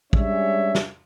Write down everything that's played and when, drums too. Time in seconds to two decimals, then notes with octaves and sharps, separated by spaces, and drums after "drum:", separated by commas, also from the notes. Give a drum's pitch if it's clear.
0.13 G3 G#3 C#4 D4 C#5 E5, drum: kick
0.75 drum: snare